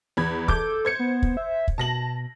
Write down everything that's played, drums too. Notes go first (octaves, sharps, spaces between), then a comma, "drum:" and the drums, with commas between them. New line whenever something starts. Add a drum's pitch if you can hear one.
E2 B5 G#6
A4 D6 G6, drum: kick
C5 G#6 C#7
B3
drum: kick
E5
drum: kick
B2 A5 A#6 F#7